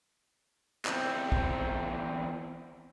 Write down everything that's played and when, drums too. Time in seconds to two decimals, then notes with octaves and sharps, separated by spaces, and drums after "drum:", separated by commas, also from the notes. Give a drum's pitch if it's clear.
0.85 E2 C4, drum: clap
1.32 drum: kick